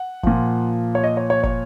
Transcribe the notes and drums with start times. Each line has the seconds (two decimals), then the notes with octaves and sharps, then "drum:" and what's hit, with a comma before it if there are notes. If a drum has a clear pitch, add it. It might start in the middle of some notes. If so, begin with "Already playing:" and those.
Already playing: F#5
0.23 A#2 F3, drum: kick
0.95 C#5
1.04 D#5
1.17 C#5
1.30 C#5
1.43 C#5, drum: kick